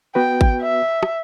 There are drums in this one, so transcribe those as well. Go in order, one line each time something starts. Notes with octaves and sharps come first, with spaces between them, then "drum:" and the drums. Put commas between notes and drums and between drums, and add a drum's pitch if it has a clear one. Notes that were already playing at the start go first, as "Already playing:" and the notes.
B3 F#4 B4 G5
drum: kick G#1
E5
drum: rim click